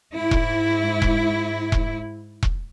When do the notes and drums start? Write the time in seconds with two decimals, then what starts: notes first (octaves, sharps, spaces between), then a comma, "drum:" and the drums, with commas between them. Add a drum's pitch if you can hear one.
0.14 G#2 E4
0.31 drum: kick E1
1.02 drum: kick E1
1.72 drum: kick E1
2.43 drum: kick E1